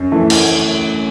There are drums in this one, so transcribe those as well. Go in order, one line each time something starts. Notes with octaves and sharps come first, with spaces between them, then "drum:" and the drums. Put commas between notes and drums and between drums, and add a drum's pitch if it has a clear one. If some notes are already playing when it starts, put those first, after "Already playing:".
Already playing: F#2
E3 A3 E4
drum: cymbal